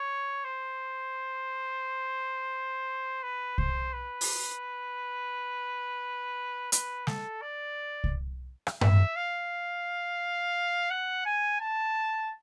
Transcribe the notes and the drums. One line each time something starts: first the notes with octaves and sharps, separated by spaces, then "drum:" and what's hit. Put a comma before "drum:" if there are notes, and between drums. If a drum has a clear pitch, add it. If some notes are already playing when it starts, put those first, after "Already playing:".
Already playing: C#5
C5
B4
C5, drum: kick C2
B4
drum: open hi-hat
B4, drum: hi-hat
A4, drum: snare
D5
drum: kick C2
drum: rim click
E5, drum: tom G2
F5
F#5
G#5
A5